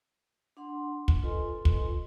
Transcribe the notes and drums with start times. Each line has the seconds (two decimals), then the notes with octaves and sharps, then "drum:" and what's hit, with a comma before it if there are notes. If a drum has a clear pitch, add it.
0.57 D4 F#5 C6
1.08 drum: kick
1.22 F4 A4 B4 D#5 G#5 C6
1.65 drum: kick